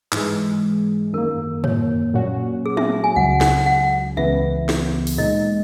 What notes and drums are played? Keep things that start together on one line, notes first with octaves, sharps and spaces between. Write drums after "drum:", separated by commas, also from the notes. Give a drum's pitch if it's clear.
G#2 E3 G#3, drum: clap
F#2 D#3 A#3 A#4
C#5, drum: tom
A#2 F#3 C#4 F#4
G#4
E5, drum: tom
G#5
C#2 C#3 F#3 F#5
F#5, drum: snare
F#5
C#2 C#3 E3 B3 E5
drum: snare
drum: open hi-hat
A#2 G#3 D#4 D#5